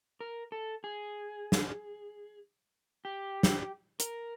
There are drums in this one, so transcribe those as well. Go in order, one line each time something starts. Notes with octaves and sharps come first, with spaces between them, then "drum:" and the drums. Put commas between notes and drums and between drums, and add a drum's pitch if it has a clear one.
A#4
A4
G#4
drum: snare
G4
drum: snare
A#4, drum: hi-hat